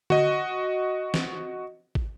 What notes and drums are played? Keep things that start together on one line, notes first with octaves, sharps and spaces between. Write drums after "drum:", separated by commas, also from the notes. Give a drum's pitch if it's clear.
F#4 D#5, drum: tom D3
drum: snare
drum: kick